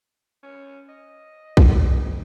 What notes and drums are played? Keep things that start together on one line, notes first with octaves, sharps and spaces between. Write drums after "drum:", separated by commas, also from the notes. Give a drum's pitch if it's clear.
C#4
D#5
C4 D#4 G#4, drum: kick